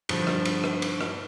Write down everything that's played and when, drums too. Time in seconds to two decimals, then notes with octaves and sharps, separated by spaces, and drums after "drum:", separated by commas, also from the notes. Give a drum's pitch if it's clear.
0.09 G2 D3 F3, drum: cymbal
0.27 drum: rim click
0.45 drum: cymbal
0.64 drum: rim click
0.82 drum: cymbal
1.01 drum: rim click